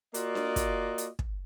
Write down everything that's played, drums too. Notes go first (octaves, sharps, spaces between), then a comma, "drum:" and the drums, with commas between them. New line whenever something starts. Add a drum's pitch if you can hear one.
A#3 F4 F#4 D5 D#5, drum: hi-hat
drum: snare D4
drum: kick, hi-hat
drum: hi-hat
drum: kick